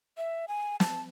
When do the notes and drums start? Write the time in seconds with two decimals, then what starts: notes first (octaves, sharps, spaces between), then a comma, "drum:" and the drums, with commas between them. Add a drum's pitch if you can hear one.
0.17 E5
0.48 G#5
0.80 A5, drum: snare